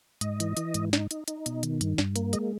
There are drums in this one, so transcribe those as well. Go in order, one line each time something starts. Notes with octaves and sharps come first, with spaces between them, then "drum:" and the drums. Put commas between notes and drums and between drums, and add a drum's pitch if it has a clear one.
G#2 D#5, drum: hi-hat
E3, drum: hi-hat
E3, drum: hi-hat
G#2, drum: hi-hat
D#4, drum: snare
D#4, drum: hi-hat
D#4, drum: hi-hat
B2, drum: hi-hat
D#3, drum: hi-hat
G2, drum: hi-hat
G2, drum: snare
A#3, drum: hi-hat
G#3 D#5, drum: hi-hat